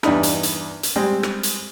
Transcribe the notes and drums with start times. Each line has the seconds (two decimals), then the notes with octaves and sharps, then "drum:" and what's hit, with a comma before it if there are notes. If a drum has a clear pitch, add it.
0.03 E2 G2 D4 D#4 B5, drum: rim click
0.23 drum: hi-hat
0.43 drum: hi-hat
0.83 drum: hi-hat
0.96 G3 G#3 C4
1.23 drum: rim click
1.43 drum: hi-hat